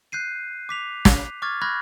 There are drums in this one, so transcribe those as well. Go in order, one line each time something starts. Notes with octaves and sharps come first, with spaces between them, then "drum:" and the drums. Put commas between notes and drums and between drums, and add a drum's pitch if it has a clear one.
F#6 G6 C7 D#7
D6 B6 F7
drum: snare
C#6 D6 F6 G#6 A6
B5 C#6 F6 F#6 G#6 A#6